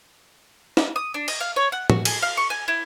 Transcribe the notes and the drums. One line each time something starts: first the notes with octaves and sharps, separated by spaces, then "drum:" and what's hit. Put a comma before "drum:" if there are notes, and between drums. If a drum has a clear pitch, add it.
drum: snare
D#6
D4
D#5, drum: cymbal
F5
C#5
F#5
F#4, drum: tom
G#4, drum: cymbal
F5
C#6
G#5
E4